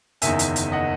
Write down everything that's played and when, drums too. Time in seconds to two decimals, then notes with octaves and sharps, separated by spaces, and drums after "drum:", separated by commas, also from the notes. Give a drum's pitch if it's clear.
0.22 F#1 E2 D#3 E5 G#5, drum: hi-hat
0.39 drum: hi-hat
0.56 drum: hi-hat
0.72 D#5 F#5